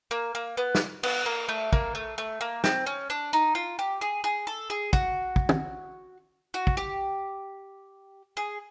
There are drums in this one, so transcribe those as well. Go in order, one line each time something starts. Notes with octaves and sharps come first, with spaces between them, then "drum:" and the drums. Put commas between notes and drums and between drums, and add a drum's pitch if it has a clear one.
A#3
A#3
B3
drum: snare
B3, drum: cymbal
A#3
A3
A#3, drum: kick
A3
A3
A#3
C4, drum: snare
C#4
D4
D#4
F4
G4
G#4
G#4
A4
G#4
F#4, drum: kick
drum: kick
drum: tom
F#4
drum: kick
G4
G#4